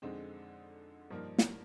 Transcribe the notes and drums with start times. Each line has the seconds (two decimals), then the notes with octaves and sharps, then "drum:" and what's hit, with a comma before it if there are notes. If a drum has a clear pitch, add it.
0.02 F2 D3 G#3 C4 D#4
1.10 G2 F3 A#3 D#4 A#4
1.38 drum: snare